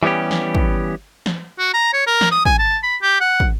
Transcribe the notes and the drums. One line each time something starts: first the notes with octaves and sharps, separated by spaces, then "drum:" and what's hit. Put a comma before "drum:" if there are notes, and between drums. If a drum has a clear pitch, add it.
E3 G3 B3 C#4 G4
drum: snare
drum: kick
drum: snare
F#4
A#5
C#5
A#4
drum: snare
D#6
G#5, drum: kick
A5
B5
G4
F#5
drum: kick